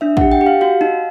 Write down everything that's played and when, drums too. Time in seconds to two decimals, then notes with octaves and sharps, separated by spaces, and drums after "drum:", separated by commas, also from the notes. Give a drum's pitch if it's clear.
0.01 D4 E5
0.17 G4 F#5, drum: kick
0.31 G5
0.41 G4
0.46 F5
0.61 F#4 F5
0.81 D#4